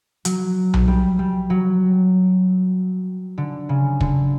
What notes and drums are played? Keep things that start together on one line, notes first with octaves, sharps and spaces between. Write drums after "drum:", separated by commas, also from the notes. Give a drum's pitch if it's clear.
F#3, drum: hi-hat
drum: tom B1
G3
G3
F#3
D3
C#3
D3, drum: kick